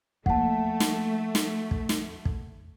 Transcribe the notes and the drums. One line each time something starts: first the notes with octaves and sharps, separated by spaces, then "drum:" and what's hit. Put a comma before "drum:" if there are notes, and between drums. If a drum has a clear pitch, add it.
F3 A3 A#3 F#5 A5, drum: kick
drum: snare
drum: snare
drum: kick
drum: snare
drum: kick